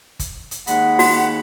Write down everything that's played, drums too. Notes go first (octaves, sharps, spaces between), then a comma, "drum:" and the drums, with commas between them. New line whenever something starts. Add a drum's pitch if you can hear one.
drum: kick G1, hi-hat
drum: hi-hat
D#2 G#3 F#5 B5, drum: hi-hat
F#4, drum: open hi-hat